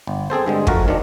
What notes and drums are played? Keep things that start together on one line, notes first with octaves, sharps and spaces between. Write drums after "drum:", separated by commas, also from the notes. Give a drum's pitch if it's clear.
G1
C4 G#4 A4 C5
G2 D3 G#3
F3 A3 F#4 A#4, drum: kick
D#3 F#3 C4 D4